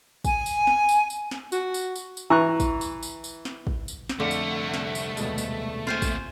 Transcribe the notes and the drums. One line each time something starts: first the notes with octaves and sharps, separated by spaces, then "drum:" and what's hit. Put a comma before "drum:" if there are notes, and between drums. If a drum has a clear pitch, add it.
G#5, drum: kick, tambourine
drum: tambourine
drum: snare
drum: tambourine
drum: tambourine
drum: snare
F#4, drum: tambourine
drum: tambourine
drum: tambourine
drum: tambourine
E3 A#5 C#6 F#6
drum: kick, tambourine
drum: tambourine
drum: tambourine
drum: tambourine
drum: snare
drum: kick
drum: tambourine
drum: snare
C2 F2 D3 A3 D5 F5 F#5
drum: tambourine
drum: snare
drum: tambourine
D#2 B2 G#3, drum: tambourine
drum: tambourine
A#3 C4 F4 C5 G#5
drum: kick, tambourine